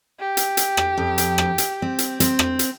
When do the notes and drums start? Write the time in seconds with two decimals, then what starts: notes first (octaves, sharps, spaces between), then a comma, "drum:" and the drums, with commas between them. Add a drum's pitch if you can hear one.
0.20 G4
0.37 drum: hi-hat
0.57 drum: hi-hat
0.77 drum: rim click
0.97 F2
1.18 drum: hi-hat
1.38 drum: rim click
1.58 drum: hi-hat
1.82 C4
1.98 drum: hi-hat
2.20 C4, drum: hi-hat
2.39 drum: rim click
2.59 drum: hi-hat